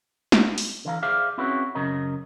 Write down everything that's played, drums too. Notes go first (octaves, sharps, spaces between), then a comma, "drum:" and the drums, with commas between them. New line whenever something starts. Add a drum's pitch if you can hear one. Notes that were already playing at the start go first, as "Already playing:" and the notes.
drum: snare
drum: open hi-hat
D3 E3 F5 A#5
G#4 C5 D5 E5 F5
C4 C#4 E4 F#4 G#4 B4
F#2 C#3 A#4 D#5